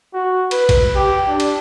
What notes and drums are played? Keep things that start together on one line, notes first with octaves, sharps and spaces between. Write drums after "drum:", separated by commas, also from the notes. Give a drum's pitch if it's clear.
F#4
B4, drum: cymbal
drum: kick, cymbal
G4
D4
drum: cymbal